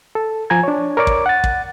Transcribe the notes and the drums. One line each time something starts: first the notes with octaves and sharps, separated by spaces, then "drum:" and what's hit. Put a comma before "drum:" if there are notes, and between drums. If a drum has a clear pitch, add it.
A4
F3 G#5 A#5 G#6
D4 C#5
A#4 C#5 D5 D6
drum: kick
F#5 A6
drum: kick